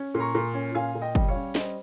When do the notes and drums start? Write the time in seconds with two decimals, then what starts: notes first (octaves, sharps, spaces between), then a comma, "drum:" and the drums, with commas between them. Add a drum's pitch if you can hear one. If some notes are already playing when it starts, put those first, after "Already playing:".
Already playing: C#4
0.14 A#2
0.20 A#5 C#6
0.34 A#2
0.54 C#4
0.75 A#2 F5 G#5
0.95 A#2
1.01 D#5 G5
1.15 G3, drum: kick
1.28 C#5 F5
1.35 C#4
1.55 G3 C5 D#5, drum: snare